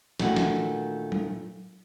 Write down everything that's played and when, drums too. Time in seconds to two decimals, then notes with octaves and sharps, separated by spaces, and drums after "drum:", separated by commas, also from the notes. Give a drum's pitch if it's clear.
0.20 A#2 D#3 A3 D4 E4 F#4, drum: snare
0.36 drum: snare
1.12 drum: tom F#3